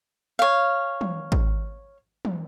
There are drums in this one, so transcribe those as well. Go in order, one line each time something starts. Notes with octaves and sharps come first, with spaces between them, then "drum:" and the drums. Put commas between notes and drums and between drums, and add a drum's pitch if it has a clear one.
C#5 F5
drum: tom
drum: kick
drum: tom